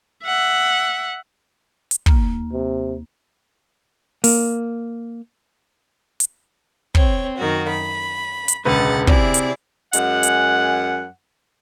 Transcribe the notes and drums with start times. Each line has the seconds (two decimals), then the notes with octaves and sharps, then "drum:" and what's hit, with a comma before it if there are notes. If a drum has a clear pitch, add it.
0.24 E5 F#5
1.91 drum: hi-hat
2.06 D#2 A#3 F6, drum: kick
2.53 C3
4.24 A#3, drum: open hi-hat
6.20 drum: hi-hat
6.95 C4 C#5, drum: kick
7.38 F#2 D#3 F#4
7.69 B5
8.48 drum: hi-hat
8.65 E1 C#2 D3 B4 F#5 A6
9.07 C3 E4 G#4 D5, drum: kick
9.34 drum: hi-hat
9.93 F#2 G#3 F#5, drum: hi-hat
10.23 drum: hi-hat